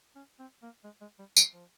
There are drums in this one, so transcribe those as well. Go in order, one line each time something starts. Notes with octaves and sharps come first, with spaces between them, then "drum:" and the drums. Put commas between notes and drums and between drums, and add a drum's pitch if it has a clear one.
C#4
C4
A#3
G#3
G#3
G3
F#3, drum: tambourine
F3